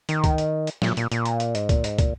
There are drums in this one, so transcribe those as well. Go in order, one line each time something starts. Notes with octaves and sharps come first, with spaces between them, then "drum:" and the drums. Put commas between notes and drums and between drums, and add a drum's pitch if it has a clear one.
D#3, drum: hi-hat
drum: kick, hi-hat
drum: hi-hat
drum: hi-hat
A#2, drum: snare
A#2, drum: hi-hat
A#2, drum: hi-hat
drum: hi-hat
drum: hi-hat
G#2, drum: hi-hat
A#2, drum: kick, hi-hat
G#2, drum: hi-hat
A#2, drum: kick, hi-hat